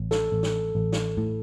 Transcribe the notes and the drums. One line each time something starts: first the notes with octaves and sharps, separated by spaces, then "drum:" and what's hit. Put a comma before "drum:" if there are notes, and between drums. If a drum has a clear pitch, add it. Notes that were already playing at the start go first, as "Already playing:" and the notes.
Already playing: A1
A4, drum: snare
A1
drum: snare
A1
drum: snare
A2